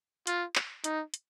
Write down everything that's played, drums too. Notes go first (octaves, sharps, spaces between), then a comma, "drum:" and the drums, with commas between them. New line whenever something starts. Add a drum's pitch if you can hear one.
F4, drum: hi-hat
drum: clap
D#4, drum: hi-hat
drum: hi-hat